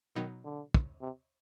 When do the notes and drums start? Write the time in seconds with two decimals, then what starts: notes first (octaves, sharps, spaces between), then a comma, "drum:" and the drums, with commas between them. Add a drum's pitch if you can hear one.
0.16 B2 D#3 F#3 B3 D#4
0.45 D3
0.74 drum: kick
1.01 C3